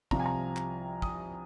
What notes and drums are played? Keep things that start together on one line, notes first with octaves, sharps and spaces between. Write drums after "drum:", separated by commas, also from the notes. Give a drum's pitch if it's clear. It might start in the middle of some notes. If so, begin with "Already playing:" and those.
C2 C3 F3 A#5, drum: kick
G#5
A#5
drum: clap
D#6, drum: kick